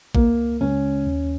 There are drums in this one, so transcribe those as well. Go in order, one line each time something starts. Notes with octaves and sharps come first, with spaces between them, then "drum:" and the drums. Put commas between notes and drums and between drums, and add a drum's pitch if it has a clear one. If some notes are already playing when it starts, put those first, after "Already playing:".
C#2 A#3, drum: kick A1
C#3 G#3 C#4
D#2